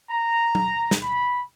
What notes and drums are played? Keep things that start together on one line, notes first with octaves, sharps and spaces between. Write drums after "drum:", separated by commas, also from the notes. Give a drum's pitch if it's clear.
A#5
drum: tom F#3
drum: snare
B5